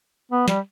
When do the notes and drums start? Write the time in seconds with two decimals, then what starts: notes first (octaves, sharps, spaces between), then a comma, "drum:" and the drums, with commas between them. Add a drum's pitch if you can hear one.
0.32 B3
0.48 G3, drum: snare